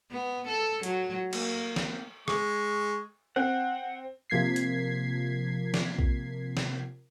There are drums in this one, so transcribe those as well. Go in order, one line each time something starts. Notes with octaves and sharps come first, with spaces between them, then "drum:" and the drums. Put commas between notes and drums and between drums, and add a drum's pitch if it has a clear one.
B3
A4
F#3, drum: hi-hat
A#3, drum: cymbal
drum: snare
G#3 C#6, drum: rim click
C4 F#5
C3 F3 A#3 G#6 B6 C7
drum: hi-hat
drum: snare
drum: kick
drum: snare